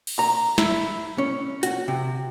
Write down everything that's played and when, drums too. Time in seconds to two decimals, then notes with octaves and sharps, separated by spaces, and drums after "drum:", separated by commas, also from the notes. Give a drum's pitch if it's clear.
0.07 drum: cymbal
0.19 A#5
0.58 E4, drum: snare
1.18 C#4
1.63 F#4, drum: hi-hat
1.88 C3